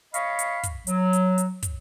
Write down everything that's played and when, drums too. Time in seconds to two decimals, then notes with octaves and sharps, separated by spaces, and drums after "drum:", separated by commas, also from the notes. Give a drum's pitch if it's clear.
0.14 C#5 D#5 F5 B5 C#6, drum: hi-hat
0.39 drum: hi-hat
0.63 drum: kick, hi-hat
0.87 F#3, drum: hi-hat
1.13 drum: hi-hat
1.38 drum: hi-hat
1.63 drum: kick, hi-hat